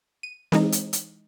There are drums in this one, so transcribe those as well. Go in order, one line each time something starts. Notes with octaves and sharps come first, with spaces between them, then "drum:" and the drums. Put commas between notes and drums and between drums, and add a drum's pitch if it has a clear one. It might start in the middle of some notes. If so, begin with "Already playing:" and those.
D#7
E3 G#3 D#4, drum: snare C4
drum: hi-hat
drum: hi-hat